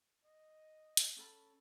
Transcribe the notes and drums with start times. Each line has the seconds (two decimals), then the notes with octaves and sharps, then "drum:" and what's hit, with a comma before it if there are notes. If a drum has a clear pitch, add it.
0.25 D#5
0.97 drum: hi-hat
1.17 C#4 A4 B5